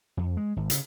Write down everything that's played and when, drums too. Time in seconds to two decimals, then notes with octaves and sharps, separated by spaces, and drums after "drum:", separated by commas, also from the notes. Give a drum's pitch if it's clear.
0.17 F2
0.37 G#3
0.56 G#1
0.70 C#3, drum: hi-hat